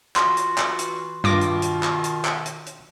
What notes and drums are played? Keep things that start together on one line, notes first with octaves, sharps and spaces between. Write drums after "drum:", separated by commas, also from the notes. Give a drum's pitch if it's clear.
E3 F4 F#4 C6, drum: clap
drum: hi-hat
drum: clap
drum: hi-hat
G2 B2 D#3 F4 D6 A#6
drum: hi-hat
drum: hi-hat
drum: clap
drum: hi-hat
drum: clap
drum: hi-hat
drum: hi-hat